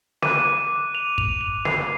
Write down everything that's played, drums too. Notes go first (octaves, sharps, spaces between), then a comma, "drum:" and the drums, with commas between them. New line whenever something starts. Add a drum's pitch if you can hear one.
D6 F#6 D#7, drum: snare
F7
F7, drum: kick
F7
C7, drum: snare